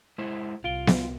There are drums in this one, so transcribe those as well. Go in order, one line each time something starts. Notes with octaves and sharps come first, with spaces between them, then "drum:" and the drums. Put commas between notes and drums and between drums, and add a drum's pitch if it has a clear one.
G#3 E4 C5
C2 F4 F5 D7 G7
drum: snare B3